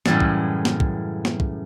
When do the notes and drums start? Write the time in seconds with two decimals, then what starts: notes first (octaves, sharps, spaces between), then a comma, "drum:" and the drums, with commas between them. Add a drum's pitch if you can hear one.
0.06 F#2 A2 C#3 E3 G3, drum: snare
0.20 drum: kick
0.65 drum: snare
0.80 drum: kick
1.25 drum: snare
1.40 drum: kick